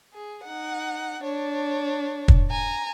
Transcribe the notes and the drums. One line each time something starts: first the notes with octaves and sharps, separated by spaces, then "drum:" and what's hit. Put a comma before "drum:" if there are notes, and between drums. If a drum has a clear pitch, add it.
G#4
D#4 F#5
D4 C#5
drum: kick
G#5 A#5